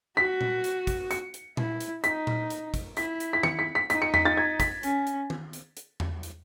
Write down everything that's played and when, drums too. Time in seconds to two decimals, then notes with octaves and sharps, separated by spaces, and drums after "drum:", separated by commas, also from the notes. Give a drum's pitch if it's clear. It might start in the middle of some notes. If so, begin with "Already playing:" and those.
0.17 F#4 B6
0.41 drum: tom A#2
0.64 drum: hi-hat
0.87 drum: kick, hi-hat
1.11 C#7, drum: hi-hat
1.34 drum: hi-hat
1.57 E4, drum: tom A#2
1.80 drum: hi-hat
2.04 D#4 B6, drum: hi-hat
2.27 drum: tom A#2
2.50 drum: hi-hat
2.74 drum: kick, hi-hat
2.97 E4 B6, drum: hi-hat
3.20 drum: hi-hat
3.33 B6
3.43 C#7, drum: tom D#3
3.59 B6
3.75 B6
3.90 D#4 B6, drum: hi-hat
4.02 C#7
4.14 B6, drum: tom E2
4.25 A6
4.37 G#6
4.60 B6, drum: kick, hi-hat
4.83 C#4, drum: hi-hat
5.07 drum: hi-hat
5.30 drum: tom D#3
5.53 drum: hi-hat
5.77 drum: hi-hat
6.00 drum: tom E2
6.23 drum: hi-hat